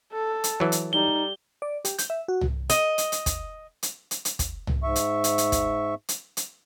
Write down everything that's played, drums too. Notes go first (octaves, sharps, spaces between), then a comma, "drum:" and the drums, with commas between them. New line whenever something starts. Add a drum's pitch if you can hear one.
A4
drum: hi-hat
E3 F#3
drum: hi-hat
G3 D#4 G7
D5
G4, drum: hi-hat
G6, drum: hi-hat
E5
F#4
drum: tom C2
D#5, drum: hi-hat
drum: hi-hat
drum: hi-hat
drum: kick, hi-hat
drum: hi-hat
drum: hi-hat
drum: hi-hat
drum: kick, hi-hat
drum: tom C2
G#2 E5 C#6
drum: hi-hat
drum: hi-hat
drum: hi-hat
drum: kick, hi-hat
drum: hi-hat
drum: hi-hat